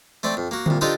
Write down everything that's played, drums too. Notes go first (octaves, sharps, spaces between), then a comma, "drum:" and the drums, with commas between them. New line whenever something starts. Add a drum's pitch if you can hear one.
A3 C4 D5
F2
A#3 F#4
C2 A#2, drum: tom D3
D4 D#4 F4 G4 A4 C5